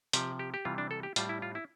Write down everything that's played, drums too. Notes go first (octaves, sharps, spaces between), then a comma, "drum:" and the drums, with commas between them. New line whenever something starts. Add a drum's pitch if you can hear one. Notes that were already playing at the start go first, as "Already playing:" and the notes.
C3 F3 G4, drum: hi-hat
G4
G4
C3 E3 G3 F4
D4
A4
G4
A2 G3 F4, drum: hi-hat
E4
F4
E4